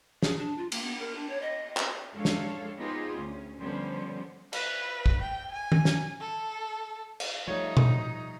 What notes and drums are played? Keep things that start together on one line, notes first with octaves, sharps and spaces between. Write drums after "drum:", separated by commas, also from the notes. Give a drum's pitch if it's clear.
G#4, drum: snare
D4
F4
A#3, drum: cymbal
B3
A#4
D4
C#5
D#5
drum: clap
F3 G#3 D4 A4 C#5 F5
drum: snare
B3 D#4 F4 G4 G#4 C5
D2 C#4
D3 F3 G3 B3 C#4 C5
B4, drum: cymbal
drum: kick
G5
G#5
drum: tom D#3
drum: snare
A4
drum: cymbal
F3 G3 A3 D#4 C#5
drum: tom B2